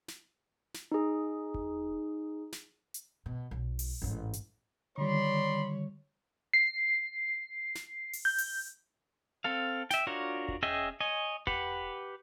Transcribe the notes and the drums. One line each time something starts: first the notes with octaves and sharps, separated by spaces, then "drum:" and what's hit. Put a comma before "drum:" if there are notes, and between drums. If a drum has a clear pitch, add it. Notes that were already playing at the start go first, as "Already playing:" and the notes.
drum: snare
drum: snare
D#4 G#4
drum: kick E1
drum: snare
drum: hi-hat
B2
B1
drum: open hi-hat
A1 G#2
drum: hi-hat
D3 D#3 G3 C#5 D5 B5 C6
C7
drum: snare
drum: open hi-hat
G6
drum: open hi-hat
C4 A4 F5
E5 G5, drum: snare
D4 F4 F#4 A#4 C#5
drum: kick E1
C#4 G#4 D#5 E5 G5
C#5 D#5 G#5
G4 B4 F#5, drum: kick E1